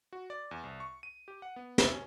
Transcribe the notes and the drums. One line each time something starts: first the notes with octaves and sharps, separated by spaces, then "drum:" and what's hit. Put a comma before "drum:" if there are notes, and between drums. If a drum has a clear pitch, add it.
F#4
D5
E2
C2
C#6
D#7
G4
F#5
B3
E5, drum: snare
C#4